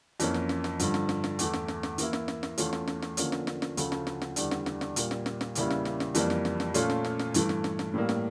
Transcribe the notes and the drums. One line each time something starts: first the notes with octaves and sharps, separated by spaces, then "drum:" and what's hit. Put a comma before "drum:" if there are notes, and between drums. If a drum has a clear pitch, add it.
F2 E3 A#3 C#4, drum: hi-hat
drum: snare
drum: snare
drum: snare
G2 D3 F3, drum: hi-hat
drum: snare
drum: snare
drum: snare
E2 E3 A3, drum: hi-hat
drum: snare
drum: snare
drum: snare
E3 A#3 E4, drum: hi-hat
drum: snare
drum: snare
drum: snare
E2 E3 A3 C#4 F4, drum: hi-hat
drum: snare
drum: snare
drum: snare
D3 F3 A#3 C#4, drum: hi-hat
drum: snare
drum: snare
drum: snare
D2 C#3 F3 A3, drum: hi-hat
drum: snare
drum: snare
drum: snare
E2 D3 G3 D4, drum: hi-hat
drum: snare
drum: snare
drum: snare
A#2 G3 A#3, drum: hi-hat
drum: snare
drum: snare
drum: snare
E2 C#3 G3 A#3 E4, drum: hi-hat
drum: snare
drum: snare
drum: snare
F2 E3 G3 A#3, drum: hi-hat
drum: snare
drum: snare
drum: snare
A#2 A3 C#4 F4, drum: hi-hat
drum: snare
drum: snare
drum: snare
G2 E3 A3, drum: hi-hat
drum: snare
drum: snare
drum: snare
A2 G3 A#3
drum: snare